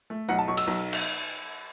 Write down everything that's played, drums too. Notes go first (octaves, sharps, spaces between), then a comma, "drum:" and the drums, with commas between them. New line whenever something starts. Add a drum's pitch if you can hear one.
A3
B1 F#5
A5
B1 C#6
E6, drum: cymbal
B1
drum: cymbal